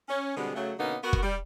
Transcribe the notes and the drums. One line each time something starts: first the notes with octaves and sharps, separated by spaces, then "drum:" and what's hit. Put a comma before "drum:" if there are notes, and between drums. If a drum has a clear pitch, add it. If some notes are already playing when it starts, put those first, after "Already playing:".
C#4
B2 D3 G3 G#3 B3 C4
C#3 F#3 A3
B2 D3 A#3 B3 C#4 D#4
B3 F#4 A#4
drum: kick
G3